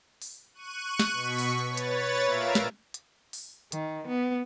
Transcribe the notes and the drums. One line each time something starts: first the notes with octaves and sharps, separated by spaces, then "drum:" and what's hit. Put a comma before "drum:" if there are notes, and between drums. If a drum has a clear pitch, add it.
drum: open hi-hat
C#6 F#6 D#7
drum: snare
B2 C#6 B6
drum: open hi-hat
B4 C#5 A6
drum: hi-hat
A#2 E5 F5 A#5 D7
drum: snare
drum: hi-hat
drum: open hi-hat
D#3, drum: hi-hat
B3